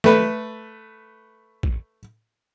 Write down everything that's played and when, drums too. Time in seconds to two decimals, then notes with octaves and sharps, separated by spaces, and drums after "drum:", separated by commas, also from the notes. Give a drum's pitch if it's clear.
0.04 A3 B4, drum: snare
1.63 drum: kick